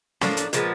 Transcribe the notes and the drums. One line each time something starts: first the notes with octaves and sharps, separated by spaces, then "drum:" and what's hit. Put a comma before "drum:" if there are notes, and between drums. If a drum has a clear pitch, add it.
A2 F3 A#3 D4, drum: snare
drum: hi-hat
A#2 F3 G#3 B3, drum: hi-hat